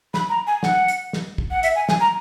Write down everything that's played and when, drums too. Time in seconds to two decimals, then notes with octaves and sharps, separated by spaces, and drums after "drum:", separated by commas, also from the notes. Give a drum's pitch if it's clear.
0.14 B5, drum: snare
0.29 A#5
0.47 G#5
0.63 F#5, drum: snare
0.88 drum: hi-hat
1.13 drum: snare
1.38 drum: kick
1.51 F#5
1.63 E5, drum: hi-hat
1.75 G#5
1.89 G#5, drum: snare
2.00 A#5